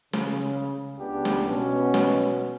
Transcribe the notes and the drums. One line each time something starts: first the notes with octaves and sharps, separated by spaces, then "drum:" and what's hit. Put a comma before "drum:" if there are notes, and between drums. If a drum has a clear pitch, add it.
C#3, drum: snare
C#2 B3 D4 G4
drum: snare
B2 C#4
drum: snare